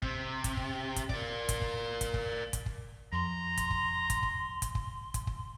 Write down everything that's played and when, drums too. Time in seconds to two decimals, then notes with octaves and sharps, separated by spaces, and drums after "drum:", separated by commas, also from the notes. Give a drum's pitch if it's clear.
0.02 C3, drum: kick
0.44 drum: kick, hi-hat
0.57 drum: kick
0.96 drum: kick, hi-hat
1.09 A#4 D5, drum: kick
1.49 drum: kick, hi-hat
1.62 drum: kick
2.01 drum: kick, hi-hat
2.14 drum: kick
2.53 drum: kick, hi-hat
2.66 drum: kick
3.13 F2 A#5 C6
3.57 drum: kick, hi-hat
3.71 drum: kick
4.10 drum: kick, hi-hat
4.23 drum: kick
4.62 drum: kick, hi-hat
4.75 drum: kick
5.14 drum: kick, hi-hat
5.27 drum: kick